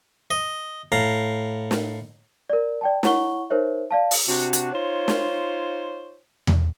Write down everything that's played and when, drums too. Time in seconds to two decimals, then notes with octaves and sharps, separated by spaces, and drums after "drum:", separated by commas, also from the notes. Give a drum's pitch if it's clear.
0.31 D#5
0.92 A2 F5 A#5
1.71 drum: snare
2.50 A#4 D5
2.81 D5 G5 A5
3.03 E4 C#5 F#5 C#6 G7, drum: snare
3.50 D#4 A#4 C5 C#5 E5
3.91 D5 F5 A5
4.11 drum: open hi-hat
4.27 C3 D4 F#4
4.53 drum: hi-hat
4.73 D#4 F4 C5 C#5
5.08 drum: snare
6.47 drum: tom E2